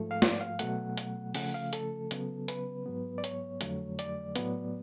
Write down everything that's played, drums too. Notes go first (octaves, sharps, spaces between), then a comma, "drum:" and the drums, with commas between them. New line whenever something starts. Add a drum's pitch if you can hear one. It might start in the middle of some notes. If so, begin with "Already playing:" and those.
Already playing: G#2 F3 A3 A4
F5
D5, drum: snare
F5
B2 F#3 A3 F#5, drum: hi-hat
drum: hi-hat
C#3 F3 A3 F#5, drum: open hi-hat
F5
A4, drum: hi-hat
C#3 F#3 B3, drum: hi-hat
B4, drum: hi-hat
G#2 F#3 B3
D5
C#5, drum: hi-hat
F2 D3 F#3 A3, drum: hi-hat
D5, drum: hi-hat
A2 F#3 B3, drum: hi-hat